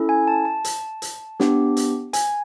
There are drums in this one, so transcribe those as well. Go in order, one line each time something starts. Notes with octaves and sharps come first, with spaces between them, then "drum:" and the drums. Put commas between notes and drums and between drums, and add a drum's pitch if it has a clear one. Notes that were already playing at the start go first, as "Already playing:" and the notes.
Already playing: C#4 E4 A4
G#5
A5
A5
drum: hi-hat
drum: hi-hat
B3 D4 G4, drum: snare
drum: hi-hat
G#5, drum: hi-hat